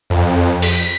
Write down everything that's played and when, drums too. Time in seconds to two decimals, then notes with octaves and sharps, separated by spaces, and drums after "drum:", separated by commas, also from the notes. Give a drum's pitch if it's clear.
0.10 F2
0.62 B6, drum: open hi-hat